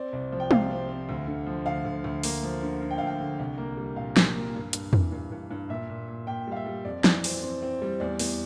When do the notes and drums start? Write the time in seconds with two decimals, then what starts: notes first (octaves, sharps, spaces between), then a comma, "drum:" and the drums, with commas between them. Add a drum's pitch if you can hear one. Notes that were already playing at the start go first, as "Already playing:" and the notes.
Already playing: C4 D5
0.13 C2
0.32 F3
0.40 G5
0.51 C3 F5, drum: tom
0.71 C4
0.89 C4
1.09 D2
1.27 D3
1.46 F3
1.66 D2 F5
1.85 D2
2.04 D2
2.23 A#3, drum: open hi-hat
2.43 F3
2.62 D3
2.82 D3
2.91 G5
2.98 D2 F5
3.07 G5
3.20 D3
3.39 C2
3.58 A#3
3.77 G3
3.96 A#2 F5
4.17 A#2, drum: snare
4.36 A#3
4.55 G2
4.73 G2, drum: hi-hat
4.93 E3, drum: tom
5.12 G2
5.32 G2
5.51 G2
5.69 A#2 E5
5.90 A#2
6.08 A#2
6.27 A#2 G5
6.47 G3 F5
6.56 E5
6.66 G3
6.85 F2 D5
7.04 E3, drum: snare
7.24 C4, drum: open hi-hat
7.42 C4
7.63 C4
7.82 G3
8.00 E2 D5
8.19 E2, drum: open hi-hat